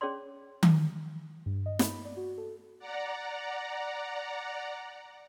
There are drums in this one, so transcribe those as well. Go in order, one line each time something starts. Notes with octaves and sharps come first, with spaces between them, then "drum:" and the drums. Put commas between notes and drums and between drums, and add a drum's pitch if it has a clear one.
C#4 G#4 C#5 D5 C6
drum: tom D#3
G2
D#5
B5, drum: snare
D5
F#4
A4
D5 F#5 A#5